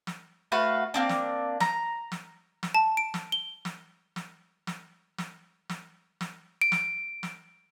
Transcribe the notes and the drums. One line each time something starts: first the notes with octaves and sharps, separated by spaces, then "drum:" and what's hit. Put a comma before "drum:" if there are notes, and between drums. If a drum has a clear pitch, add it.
drum: snare
A3 F#4 B4 F5
A#3 C4 D4
drum: snare
A#5, drum: snare
drum: snare
drum: snare
A5
D7
drum: snare
G7
drum: snare
drum: snare
drum: snare
drum: snare
drum: snare
drum: snare
D7
drum: snare
drum: snare